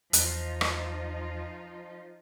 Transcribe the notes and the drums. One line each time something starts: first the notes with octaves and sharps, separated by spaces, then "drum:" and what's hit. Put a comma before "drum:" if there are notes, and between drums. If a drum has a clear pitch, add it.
E2 F3 D#4 F4 F#6, drum: hi-hat
drum: rim click